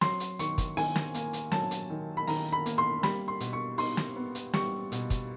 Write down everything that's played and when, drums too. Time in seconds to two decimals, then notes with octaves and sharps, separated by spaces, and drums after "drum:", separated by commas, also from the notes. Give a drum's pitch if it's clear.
0.01 F#3 C6, drum: snare
0.20 drum: hi-hat
0.39 D#3 C#6, drum: hi-hat
0.58 drum: kick, hi-hat
0.77 D#3 G#5, drum: open hi-hat
0.96 drum: snare
1.14 A#3, drum: hi-hat
1.33 drum: hi-hat
1.52 F#3 A5, drum: snare
1.71 drum: hi-hat
1.90 D#3
2.17 B5
2.27 D#3 A#5, drum: open hi-hat
2.52 B5
2.66 A#3, drum: hi-hat
2.78 C6
3.03 G3 B5, drum: snare
3.28 C6
3.40 B2, drum: hi-hat
3.53 C#6
3.78 D#4 C6, drum: open hi-hat
3.97 drum: snare
4.16 B3
4.35 drum: hi-hat
4.53 G3 C#6, drum: snare
4.92 B2, drum: hi-hat
5.10 drum: kick, hi-hat